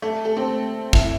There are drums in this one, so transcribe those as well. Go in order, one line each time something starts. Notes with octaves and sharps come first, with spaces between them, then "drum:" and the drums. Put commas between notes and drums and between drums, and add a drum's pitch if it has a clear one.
A3
A4
C4
E4, drum: kick